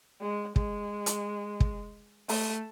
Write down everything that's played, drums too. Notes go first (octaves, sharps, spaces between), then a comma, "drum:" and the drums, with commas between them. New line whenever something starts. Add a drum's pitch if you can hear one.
G#3
G#3, drum: kick
drum: hi-hat
drum: kick
A3, drum: open hi-hat